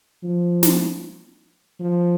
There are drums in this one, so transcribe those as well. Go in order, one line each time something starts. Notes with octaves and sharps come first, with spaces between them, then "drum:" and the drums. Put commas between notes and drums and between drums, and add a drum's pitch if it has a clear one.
F3
drum: snare
F3